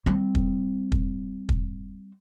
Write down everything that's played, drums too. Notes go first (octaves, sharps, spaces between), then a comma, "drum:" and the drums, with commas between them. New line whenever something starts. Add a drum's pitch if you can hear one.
G3 C4
drum: kick
drum: kick
drum: kick